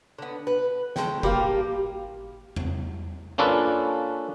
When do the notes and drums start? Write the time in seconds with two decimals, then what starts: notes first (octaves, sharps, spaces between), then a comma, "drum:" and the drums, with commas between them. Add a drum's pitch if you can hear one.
0.18 D3 B3
0.47 B4
0.96 G#3 A3 G5, drum: snare
1.23 G3 A#3 G4 F5, drum: kick
2.56 drum: tom E2
3.38 A#3 C#4 D4 F4 A4 B4